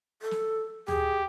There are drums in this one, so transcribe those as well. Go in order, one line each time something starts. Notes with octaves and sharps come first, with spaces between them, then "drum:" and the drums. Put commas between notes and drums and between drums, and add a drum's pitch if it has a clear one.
A4
drum: snare
G4 G#4, drum: tom